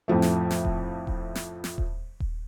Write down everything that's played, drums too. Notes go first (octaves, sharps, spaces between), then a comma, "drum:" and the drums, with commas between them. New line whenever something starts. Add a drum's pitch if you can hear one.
F2 A2 F3 A3
drum: snare
drum: snare
drum: kick D#1
drum: kick D#1
drum: snare
drum: snare
drum: kick D#1
drum: kick D#1